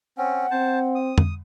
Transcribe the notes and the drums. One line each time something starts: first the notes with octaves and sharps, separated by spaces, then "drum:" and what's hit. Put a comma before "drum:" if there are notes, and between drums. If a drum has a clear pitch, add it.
C4 C#4 F#5
C4 C5 A5
D#6
drum: tom F2